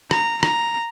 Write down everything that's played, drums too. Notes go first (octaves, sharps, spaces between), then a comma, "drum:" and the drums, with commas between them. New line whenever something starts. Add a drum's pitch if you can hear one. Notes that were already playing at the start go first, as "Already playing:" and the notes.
A#5, drum: rim click
A#5, drum: rim click